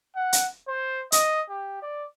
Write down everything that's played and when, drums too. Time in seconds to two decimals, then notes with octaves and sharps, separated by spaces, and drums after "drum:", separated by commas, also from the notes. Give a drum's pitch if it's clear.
0.16 F#5
0.33 drum: hi-hat
0.68 C5
1.12 D#5, drum: hi-hat
1.49 G4
1.82 D5